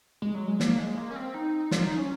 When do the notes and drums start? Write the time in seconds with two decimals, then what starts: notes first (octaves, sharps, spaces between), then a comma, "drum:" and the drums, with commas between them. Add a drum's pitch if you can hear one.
0.22 G#3
0.35 F#3
0.47 G#3
0.60 A#3, drum: snare
0.78 G#3
0.97 A#3
1.11 C#4
1.16 C4
1.34 D#4
1.71 F4, drum: snare
1.84 D#4
1.97 C#4